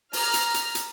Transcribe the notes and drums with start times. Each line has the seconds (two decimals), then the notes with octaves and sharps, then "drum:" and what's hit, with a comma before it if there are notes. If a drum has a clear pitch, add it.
0.13 A#5 F6, drum: open hi-hat
0.34 drum: hi-hat
0.54 drum: hi-hat
0.75 drum: hi-hat